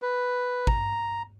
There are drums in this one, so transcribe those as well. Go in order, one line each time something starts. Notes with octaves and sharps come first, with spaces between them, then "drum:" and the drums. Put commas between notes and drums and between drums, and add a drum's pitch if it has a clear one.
B4
A#5, drum: kick